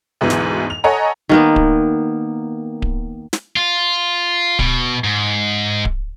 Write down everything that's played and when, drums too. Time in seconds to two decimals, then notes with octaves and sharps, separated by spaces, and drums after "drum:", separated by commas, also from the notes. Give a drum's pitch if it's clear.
0.21 D2 G#2 B2 E3
0.30 drum: snare
0.70 F7
0.84 A4 C#5 D#5 F#5 G#5 A#5
1.29 D#3 A#3 B3
1.56 drum: kick D1
2.82 drum: kick D1
3.33 drum: snare
3.56 F4
4.59 B2, drum: kick D1
5.04 G#2
5.85 drum: kick D1